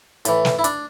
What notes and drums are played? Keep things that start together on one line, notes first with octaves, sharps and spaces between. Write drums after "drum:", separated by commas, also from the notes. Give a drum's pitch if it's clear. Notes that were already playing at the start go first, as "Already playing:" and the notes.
A2 E3, drum: hi-hat
drum: snare
E4
D4, drum: hi-hat